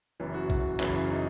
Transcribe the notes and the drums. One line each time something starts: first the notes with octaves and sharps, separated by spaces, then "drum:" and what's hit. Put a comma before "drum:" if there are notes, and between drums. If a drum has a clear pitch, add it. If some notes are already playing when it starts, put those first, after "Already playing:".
F#1 F#2 E3
F#4
drum: kick
F#1 F#2 C#3 E3, drum: clap
D#4